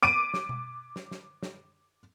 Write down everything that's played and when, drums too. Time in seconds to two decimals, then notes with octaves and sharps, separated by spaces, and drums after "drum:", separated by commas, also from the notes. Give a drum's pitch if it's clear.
0.03 D6 D7 D#7
0.34 drum: snare
0.49 drum: tom B2
0.96 drum: snare
1.11 drum: snare
1.43 drum: snare